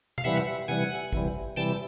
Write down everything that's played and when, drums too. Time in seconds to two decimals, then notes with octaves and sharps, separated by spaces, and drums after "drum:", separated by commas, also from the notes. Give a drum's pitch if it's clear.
0.18 F5, drum: tom B2
0.24 C3 E3 G3 E5 F#5
0.68 C3 E3 G3 F#5 G#5
1.13 C3 E3 G3, drum: kick
1.56 C3 E3 G3 G5 A5